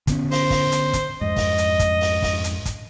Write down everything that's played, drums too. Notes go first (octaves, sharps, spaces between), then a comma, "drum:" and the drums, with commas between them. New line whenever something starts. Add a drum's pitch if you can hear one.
D3 B3 C#4, drum: kick, hi-hat
C5, drum: open hi-hat
drum: kick, open hi-hat
drum: hi-hat
drum: kick, hi-hat
F2 G#2 D#5
drum: kick, open hi-hat
drum: hi-hat
drum: kick, hi-hat
drum: open hi-hat
drum: kick, open hi-hat
drum: hi-hat
drum: kick, hi-hat